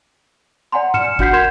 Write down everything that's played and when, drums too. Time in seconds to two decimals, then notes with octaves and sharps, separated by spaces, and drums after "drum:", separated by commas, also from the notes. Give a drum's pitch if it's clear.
0.72 D5 F#5 G#5 A#5 C6
0.94 F6 C#7 E7, drum: tom
1.19 D4 F#4 F#5 G6 B6 C7, drum: kick
1.33 A#4 C6 G6 G#6 E7